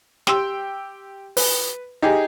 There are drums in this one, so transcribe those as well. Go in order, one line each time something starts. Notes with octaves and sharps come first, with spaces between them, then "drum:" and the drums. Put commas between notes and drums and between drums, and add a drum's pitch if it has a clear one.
G4 G5 C6 E6, drum: snare
B4, drum: open hi-hat
D#4 G4 G#4